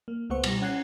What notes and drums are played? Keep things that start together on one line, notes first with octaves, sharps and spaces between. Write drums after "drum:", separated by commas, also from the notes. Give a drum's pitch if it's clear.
A#3
C#2 A3 B3 C5 F#5 C#6
B2 G3 A#6, drum: cymbal
C#4 F#5 F#6 G#6 C7